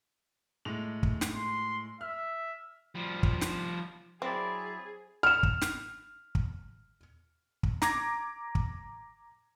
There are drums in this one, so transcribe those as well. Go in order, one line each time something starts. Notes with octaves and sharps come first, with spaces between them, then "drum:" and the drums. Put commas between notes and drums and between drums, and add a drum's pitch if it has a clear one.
A2 G#3 F7
drum: kick
drum: snare
C6
E5 F6
F3 G3
drum: kick
drum: snare
F#3 C4 E4 G#4 D5
F6 E7
drum: kick
drum: snare
drum: kick
drum: kick
A#5 D6 G#6 A#6, drum: snare
drum: kick